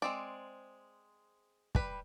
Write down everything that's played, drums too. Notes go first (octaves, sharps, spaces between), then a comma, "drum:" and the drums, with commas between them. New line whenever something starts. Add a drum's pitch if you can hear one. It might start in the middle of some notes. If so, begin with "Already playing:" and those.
G#3 C4 D5
G3 B4, drum: kick